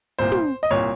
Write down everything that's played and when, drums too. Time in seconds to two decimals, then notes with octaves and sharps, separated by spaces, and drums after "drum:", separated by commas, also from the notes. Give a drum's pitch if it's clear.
0.19 C2 A#2 C5
0.32 drum: tom
0.63 D#5
0.71 C2 A#2 C#5